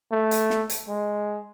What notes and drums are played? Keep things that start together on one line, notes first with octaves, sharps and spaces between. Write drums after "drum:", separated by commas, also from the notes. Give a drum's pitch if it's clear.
A3
drum: hi-hat
drum: snare
drum: hi-hat
G#3